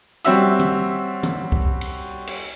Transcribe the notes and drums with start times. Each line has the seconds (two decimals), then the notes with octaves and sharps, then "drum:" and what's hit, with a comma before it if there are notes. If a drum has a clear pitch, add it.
0.25 G3 C4 C#4 F#4 E5 E6, drum: hi-hat
0.59 drum: tom D#3
1.23 drum: tom D#3
1.52 drum: kick C2
1.81 drum: cymbal
2.27 drum: cymbal